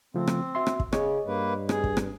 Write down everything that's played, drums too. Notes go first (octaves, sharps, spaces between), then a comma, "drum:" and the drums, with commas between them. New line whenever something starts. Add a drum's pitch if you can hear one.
C#3 F3 A3 C4
drum: rim click
F#4 E5 C6
drum: rim click
drum: kick
C#3 G#4 C#5 D#5, drum: rim click
G2 A#3 B4
G#4, drum: rim click
drum: kick
drum: rim click